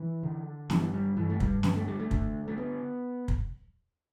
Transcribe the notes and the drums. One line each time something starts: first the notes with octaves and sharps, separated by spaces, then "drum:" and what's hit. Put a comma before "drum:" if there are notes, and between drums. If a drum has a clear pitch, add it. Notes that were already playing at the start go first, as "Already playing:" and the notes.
Already playing: E3
D3
G2 E3, drum: snare
G3
G2 E3
A3
G3, drum: kick
D3 B3, drum: snare
A3
G3
A3
D3, drum: kick
A3
B3
drum: kick